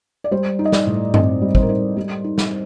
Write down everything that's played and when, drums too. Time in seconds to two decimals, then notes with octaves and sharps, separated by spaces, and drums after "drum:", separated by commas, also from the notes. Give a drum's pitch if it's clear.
0.24 D5
0.31 G3 C5
0.59 D#4
0.65 D#5
0.72 D5, drum: snare
0.87 A2
1.14 C4 D#5, drum: tom G2
1.41 G3
1.55 C5, drum: kick
1.62 A#4
1.69 D#4 C5
1.97 G3
2.24 D#4
2.38 drum: snare